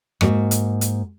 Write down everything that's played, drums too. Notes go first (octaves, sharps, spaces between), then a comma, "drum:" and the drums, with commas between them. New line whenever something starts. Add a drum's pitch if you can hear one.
G#2 A#3 F#4, drum: rim click
drum: hi-hat
drum: hi-hat